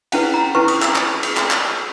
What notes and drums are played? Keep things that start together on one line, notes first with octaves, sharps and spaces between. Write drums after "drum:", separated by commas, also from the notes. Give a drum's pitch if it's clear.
C#4 E4 B4 F#5, drum: cymbal
A#5
C#4 E4 B4 C#6
D#6, drum: cymbal
E6, drum: clap
drum: clap
drum: cymbal
drum: clap
drum: clap